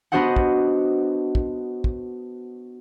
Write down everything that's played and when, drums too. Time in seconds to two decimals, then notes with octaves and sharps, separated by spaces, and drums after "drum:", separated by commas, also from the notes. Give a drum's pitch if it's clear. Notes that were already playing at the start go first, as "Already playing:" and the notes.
0.12 B3 D4 F#4 C5 D#5 F#5
0.36 drum: kick
1.35 drum: kick
1.84 drum: kick